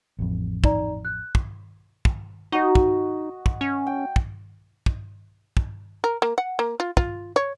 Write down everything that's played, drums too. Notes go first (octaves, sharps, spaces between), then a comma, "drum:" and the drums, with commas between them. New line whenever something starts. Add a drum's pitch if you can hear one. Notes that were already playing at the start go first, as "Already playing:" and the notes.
A1 F2
D#4 D5 A#5, drum: kick
F#6
drum: kick
drum: kick
D#4 F#4 D#5
drum: kick
drum: kick
C#4
G5
drum: kick
drum: kick
drum: kick
A#4
A#3
F#5
A#3
F4
F4, drum: kick
C#5